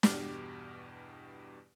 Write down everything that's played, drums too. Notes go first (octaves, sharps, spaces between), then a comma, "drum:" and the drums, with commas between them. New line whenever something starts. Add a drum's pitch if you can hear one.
E2 G2 B2 G4 D6 F6, drum: snare